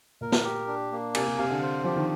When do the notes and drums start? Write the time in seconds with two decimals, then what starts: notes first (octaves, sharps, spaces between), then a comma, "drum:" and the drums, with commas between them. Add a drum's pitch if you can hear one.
0.21 A#2 A#4
0.32 drum: snare
0.44 G4
0.68 D4
0.92 A#3
1.15 C3 G#5, drum: cymbal
1.27 C3
1.38 C3 F5
1.50 D3
1.63 C5
1.84 F3 G4
1.96 D#3